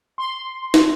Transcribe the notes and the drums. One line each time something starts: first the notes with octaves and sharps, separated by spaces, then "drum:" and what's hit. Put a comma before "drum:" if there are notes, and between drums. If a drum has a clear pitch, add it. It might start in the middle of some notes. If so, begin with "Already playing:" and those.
C6
drum: snare